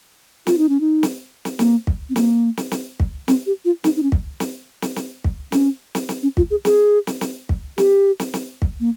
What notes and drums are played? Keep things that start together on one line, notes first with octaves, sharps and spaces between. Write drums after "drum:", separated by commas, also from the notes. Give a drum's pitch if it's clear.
F4, drum: snare
D#4
C#4
D#4
drum: snare
drum: snare
A#3, drum: snare
drum: kick
C4
A#3, drum: snare
drum: snare
drum: snare
drum: kick
C4, drum: snare
G4
F4
D#4, drum: snare
D#4
C#4
drum: kick
drum: snare
drum: snare
drum: snare
drum: kick
C#4, drum: snare
drum: snare
drum: snare
C#4
F4, drum: kick
G#4
G#4, drum: snare
drum: snare
drum: snare
drum: kick
G4, drum: snare
drum: snare
drum: snare
drum: kick
A#3